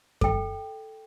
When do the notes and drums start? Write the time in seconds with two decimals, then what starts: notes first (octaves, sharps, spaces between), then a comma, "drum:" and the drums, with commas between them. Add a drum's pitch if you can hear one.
0.21 A4 G5, drum: kick F#2